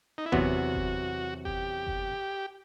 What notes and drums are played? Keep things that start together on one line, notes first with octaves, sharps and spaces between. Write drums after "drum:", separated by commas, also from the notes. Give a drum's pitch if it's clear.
D#4
E4
E2 C3 F#3 B3 F#4, drum: kick F#1
drum: kick F#1
G4, drum: kick F#1
drum: kick F#1